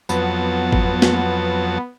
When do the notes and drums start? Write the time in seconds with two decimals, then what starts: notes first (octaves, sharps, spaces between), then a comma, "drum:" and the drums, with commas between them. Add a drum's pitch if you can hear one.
0.09 F2 F#3 B3 A5, drum: tambourine
0.73 drum: kick G1
1.02 drum: snare A#3